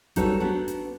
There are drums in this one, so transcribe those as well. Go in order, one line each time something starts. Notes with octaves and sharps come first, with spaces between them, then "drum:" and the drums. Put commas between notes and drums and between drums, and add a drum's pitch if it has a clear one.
G3 D#4 F#4 A4 B4 C#5, drum: kick A1, hi-hat
B3 D4 F#4
drum: hi-hat